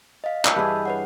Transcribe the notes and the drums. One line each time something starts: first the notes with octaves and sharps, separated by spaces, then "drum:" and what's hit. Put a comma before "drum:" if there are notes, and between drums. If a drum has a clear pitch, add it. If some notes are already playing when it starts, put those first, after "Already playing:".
D#5 F5
D4 A5 E6 G6, drum: clap
G2 E3 G#4 D#5 B5
B4 C#5 F#5